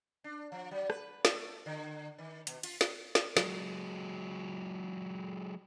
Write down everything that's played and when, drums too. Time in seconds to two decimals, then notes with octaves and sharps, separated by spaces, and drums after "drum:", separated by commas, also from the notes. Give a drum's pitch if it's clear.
0.24 D4
0.52 F3
0.71 F#3
0.90 B4, drum: rim click
1.25 A3, drum: snare
1.66 D3
2.18 D#3
2.47 B2, drum: hi-hat
2.63 F4, drum: cymbal
2.81 drum: snare
3.15 drum: snare
3.37 F#3 G#3, drum: snare